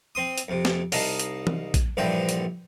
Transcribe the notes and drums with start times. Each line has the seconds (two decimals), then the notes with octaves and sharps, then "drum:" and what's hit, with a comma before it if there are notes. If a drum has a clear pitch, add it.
0.15 C4 C6 D#6
0.38 drum: hi-hat
0.48 F2 C3
0.65 drum: snare
0.92 C2 D#4 F5 A5, drum: open hi-hat
1.19 drum: hi-hat
1.47 drum: tom E3
1.74 drum: kick A#1, hi-hat
1.97 A#1 G2 D3 E3 G4 C5
2.29 drum: hi-hat